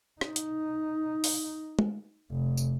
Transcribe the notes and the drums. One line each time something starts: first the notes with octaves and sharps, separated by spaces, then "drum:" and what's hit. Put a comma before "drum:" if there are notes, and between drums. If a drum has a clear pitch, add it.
D#4, drum: rim click
drum: hi-hat
drum: open hi-hat
drum: tom G#3
F1
drum: tambourine